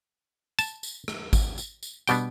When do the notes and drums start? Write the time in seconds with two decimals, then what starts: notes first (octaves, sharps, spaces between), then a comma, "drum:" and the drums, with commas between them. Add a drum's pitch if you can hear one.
0.59 A5, drum: tambourine
0.83 drum: tambourine
1.08 drum: rim click
1.33 drum: kick G#1, tambourine
1.58 drum: tambourine
1.83 drum: tambourine
2.07 B2 G3 B3 D4 G5, drum: tambourine